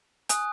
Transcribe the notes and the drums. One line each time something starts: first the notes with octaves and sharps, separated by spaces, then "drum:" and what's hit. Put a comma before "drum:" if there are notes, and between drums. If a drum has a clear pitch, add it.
G#5 D#6 F#6, drum: hi-hat